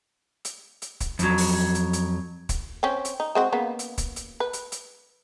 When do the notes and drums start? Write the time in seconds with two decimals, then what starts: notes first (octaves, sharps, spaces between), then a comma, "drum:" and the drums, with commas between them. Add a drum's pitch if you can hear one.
0.45 drum: hi-hat
0.82 drum: hi-hat
1.01 drum: kick, hi-hat
1.19 F2 F#3, drum: hi-hat
1.38 drum: open hi-hat
1.75 drum: hi-hat
1.93 drum: hi-hat
2.49 drum: kick, hi-hat
2.83 C4 C#4
3.05 drum: hi-hat
3.20 D#4
3.35 G#3 C4 F#4
3.53 C#3 A#3 B3
3.79 drum: hi-hat
3.98 drum: kick, hi-hat
4.16 drum: hi-hat
4.40 B4
4.53 drum: hi-hat
4.72 drum: hi-hat